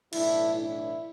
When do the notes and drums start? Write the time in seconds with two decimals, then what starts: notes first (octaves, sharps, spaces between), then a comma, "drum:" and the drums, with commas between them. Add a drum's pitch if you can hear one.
0.13 B1 A2 E3 D4 E4, drum: cymbal
0.55 D4 E4